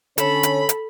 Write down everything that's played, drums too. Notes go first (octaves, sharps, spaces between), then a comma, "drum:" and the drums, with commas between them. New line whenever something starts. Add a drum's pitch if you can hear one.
D3 C#4 A4 C#5 B5, drum: hi-hat
drum: hi-hat
drum: hi-hat